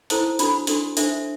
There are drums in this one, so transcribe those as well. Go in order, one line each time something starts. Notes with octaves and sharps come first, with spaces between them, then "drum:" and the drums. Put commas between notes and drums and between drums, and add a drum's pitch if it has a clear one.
E4 A4 C5 A5, drum: hi-hat
D4 F#4 A4 B5, drum: hi-hat
D4 F#4 A4 C6, drum: hi-hat
D4 A4 C5 E5, drum: hi-hat